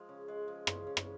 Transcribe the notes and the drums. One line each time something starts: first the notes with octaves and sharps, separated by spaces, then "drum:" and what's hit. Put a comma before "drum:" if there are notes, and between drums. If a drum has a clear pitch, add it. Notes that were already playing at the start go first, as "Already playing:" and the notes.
Already playing: F3 G#3
C#3
G#3
F3
C#3, drum: rim click
C#3
drum: rim click